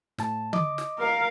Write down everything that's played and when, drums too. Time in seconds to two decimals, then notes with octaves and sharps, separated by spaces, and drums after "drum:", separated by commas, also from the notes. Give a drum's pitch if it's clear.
0.18 A2 A5, drum: snare
0.53 D#5 D6, drum: tom D3
0.78 drum: snare
0.98 A#4 F5